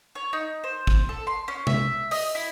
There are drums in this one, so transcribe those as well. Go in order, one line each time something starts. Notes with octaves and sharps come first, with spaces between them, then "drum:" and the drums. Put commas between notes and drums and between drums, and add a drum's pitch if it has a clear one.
C#5
D#4
C5
drum: kick
A4
C6
C#4
E5, drum: tom C3
D#5, drum: open hi-hat
E4